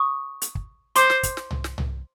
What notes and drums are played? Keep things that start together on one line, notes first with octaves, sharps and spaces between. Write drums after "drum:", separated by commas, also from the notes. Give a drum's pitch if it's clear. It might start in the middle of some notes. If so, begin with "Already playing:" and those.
Already playing: C#6 D#6
drum: hi-hat
drum: kick
C5 C6 D6, drum: hi-hat
drum: snare
drum: kick, hi-hat
drum: snare
drum: tom C2
drum: snare
drum: tom C2